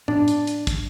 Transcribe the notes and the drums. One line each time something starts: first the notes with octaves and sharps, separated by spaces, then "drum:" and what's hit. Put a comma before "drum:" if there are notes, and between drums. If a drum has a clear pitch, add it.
D4, drum: tom A2
drum: hi-hat
drum: hi-hat
drum: kick, hi-hat